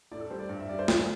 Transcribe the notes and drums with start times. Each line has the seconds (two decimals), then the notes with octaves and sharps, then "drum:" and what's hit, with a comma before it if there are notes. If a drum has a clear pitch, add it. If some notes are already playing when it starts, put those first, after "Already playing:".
0.11 A2 D5
0.20 A4
0.30 G3 C5
0.39 D5
0.49 G2
0.59 E5
0.69 G3 D5
0.79 C5
0.88 D2 A4, drum: snare